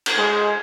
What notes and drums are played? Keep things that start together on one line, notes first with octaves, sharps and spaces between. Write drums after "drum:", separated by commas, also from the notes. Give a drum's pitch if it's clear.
drum: cymbal
G#3